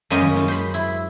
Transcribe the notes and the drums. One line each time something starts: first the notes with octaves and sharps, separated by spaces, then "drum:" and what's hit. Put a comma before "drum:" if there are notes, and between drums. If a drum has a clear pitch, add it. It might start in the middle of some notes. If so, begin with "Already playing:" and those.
F#2 G#3 A#3 C#4 G4 D#5
drum: tom D#3
drum: snare
C5 B5, drum: tambourine
E4, drum: tambourine